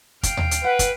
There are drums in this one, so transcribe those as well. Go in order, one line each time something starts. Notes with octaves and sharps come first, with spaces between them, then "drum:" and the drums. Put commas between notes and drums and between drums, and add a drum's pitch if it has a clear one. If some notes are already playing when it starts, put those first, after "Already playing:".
F5 G5, drum: kick, hi-hat
drum: tom D#2
drum: hi-hat
B4 F#5
drum: kick, hi-hat